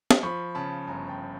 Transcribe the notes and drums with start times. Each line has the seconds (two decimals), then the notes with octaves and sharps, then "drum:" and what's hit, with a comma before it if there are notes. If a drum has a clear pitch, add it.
0.11 drum: snare
0.23 F3 B5 C#6
0.55 C#3 A5 B5
0.87 G1 G#5 A#5
1.08 G5 A5